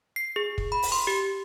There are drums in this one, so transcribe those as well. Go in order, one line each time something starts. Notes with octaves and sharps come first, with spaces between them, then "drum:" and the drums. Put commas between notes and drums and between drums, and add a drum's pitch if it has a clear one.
C7
G#4
drum: kick
B5
drum: open hi-hat
C6
G4